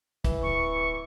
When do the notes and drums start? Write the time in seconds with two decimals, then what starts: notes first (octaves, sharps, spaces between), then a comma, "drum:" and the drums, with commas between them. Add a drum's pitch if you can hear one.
0.24 E3, drum: kick, hi-hat
0.43 D1 A1 C#6